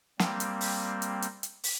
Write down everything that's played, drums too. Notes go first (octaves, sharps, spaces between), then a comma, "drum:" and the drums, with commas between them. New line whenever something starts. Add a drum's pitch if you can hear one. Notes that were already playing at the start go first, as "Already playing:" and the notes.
G3 A#3 C4, drum: snare
drum: hi-hat
drum: open hi-hat
drum: hi-hat
drum: hi-hat
drum: hi-hat
drum: open hi-hat